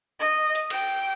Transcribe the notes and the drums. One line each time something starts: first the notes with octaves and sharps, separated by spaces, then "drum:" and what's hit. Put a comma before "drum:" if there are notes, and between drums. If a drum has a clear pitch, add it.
D#5
drum: hi-hat
G5, drum: cymbal